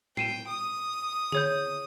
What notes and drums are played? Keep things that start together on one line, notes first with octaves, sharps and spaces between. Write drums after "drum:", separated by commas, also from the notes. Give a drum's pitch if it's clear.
G5 C7 D#7 E7, drum: tom A2
D#6
G#4 C#5 G6, drum: tom D3